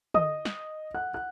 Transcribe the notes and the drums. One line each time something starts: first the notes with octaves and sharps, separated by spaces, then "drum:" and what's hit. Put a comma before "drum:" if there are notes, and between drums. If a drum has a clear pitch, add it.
D#5 D#6, drum: tom
drum: snare
F#5 F#6
F#5 F#6